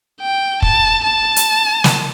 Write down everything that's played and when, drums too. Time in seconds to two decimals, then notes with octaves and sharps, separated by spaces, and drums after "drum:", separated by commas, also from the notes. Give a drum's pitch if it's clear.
0.21 G5
0.62 A5, drum: kick
1.04 A5
1.36 drum: hi-hat
1.84 drum: snare